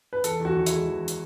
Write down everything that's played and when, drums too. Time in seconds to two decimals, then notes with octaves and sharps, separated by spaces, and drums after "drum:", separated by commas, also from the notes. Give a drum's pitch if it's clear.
0.13 B4
0.24 E2 A4, drum: hi-hat
0.40 E2
0.45 F#4
0.56 D#3
0.66 G#3 E4, drum: hi-hat
0.87 E2
1.08 drum: hi-hat